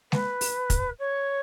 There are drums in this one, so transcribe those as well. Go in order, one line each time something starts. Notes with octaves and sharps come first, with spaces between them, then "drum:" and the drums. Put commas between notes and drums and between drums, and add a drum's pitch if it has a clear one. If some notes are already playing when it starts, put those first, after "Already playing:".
B4, drum: snare G#3
drum: open hi-hat
drum: kick, hi-hat
C#5